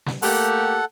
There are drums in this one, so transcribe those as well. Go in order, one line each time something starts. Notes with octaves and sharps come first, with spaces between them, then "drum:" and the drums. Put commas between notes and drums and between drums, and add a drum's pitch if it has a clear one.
drum: snare
A3 A#3 G4 A4 F#5, drum: open hi-hat